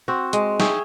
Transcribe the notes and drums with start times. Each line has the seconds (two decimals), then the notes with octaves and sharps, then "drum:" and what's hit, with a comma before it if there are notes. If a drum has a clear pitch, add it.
0.08 C4 F#4
0.33 G#3, drum: hi-hat
0.60 G#4 C#5 E5 G5, drum: snare